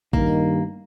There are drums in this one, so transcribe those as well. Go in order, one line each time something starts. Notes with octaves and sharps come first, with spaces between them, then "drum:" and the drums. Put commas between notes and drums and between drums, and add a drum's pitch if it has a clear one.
G2 D#3 A#3, drum: kick